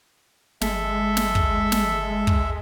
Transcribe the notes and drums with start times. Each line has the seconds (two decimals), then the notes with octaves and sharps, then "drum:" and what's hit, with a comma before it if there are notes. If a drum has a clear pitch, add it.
0.61 G1 G#3 A4 E5, drum: snare
1.17 drum: snare
1.35 drum: kick
1.72 drum: snare
2.27 drum: kick